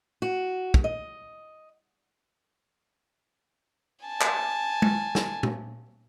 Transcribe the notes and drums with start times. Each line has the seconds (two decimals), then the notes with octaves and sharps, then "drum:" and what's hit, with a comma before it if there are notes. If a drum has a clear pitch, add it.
0.22 F#4
0.74 drum: kick
0.84 D#5
4.05 G#5 A5
4.21 drum: clap
4.82 drum: tom
5.15 drum: snare
5.43 drum: tom A#2